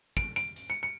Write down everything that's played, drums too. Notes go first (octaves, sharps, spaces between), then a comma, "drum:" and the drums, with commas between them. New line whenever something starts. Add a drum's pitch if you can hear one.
D7, drum: kick, hi-hat
D7, drum: hi-hat
drum: hi-hat
C#7
C#7